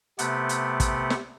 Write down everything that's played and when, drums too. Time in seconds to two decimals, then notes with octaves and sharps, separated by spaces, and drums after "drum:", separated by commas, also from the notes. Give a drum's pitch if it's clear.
0.19 C3 A3 B3 G4 F#5, drum: hi-hat
0.49 drum: hi-hat
0.80 drum: kick, hi-hat
1.10 drum: snare